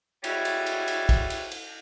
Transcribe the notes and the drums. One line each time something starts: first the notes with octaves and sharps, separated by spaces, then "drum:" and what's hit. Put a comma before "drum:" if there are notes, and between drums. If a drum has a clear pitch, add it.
G3 G#3 C#4 E4 F#4, drum: cymbal
drum: cymbal
drum: cymbal
drum: cymbal
drum: kick, cymbal
drum: cymbal
drum: cymbal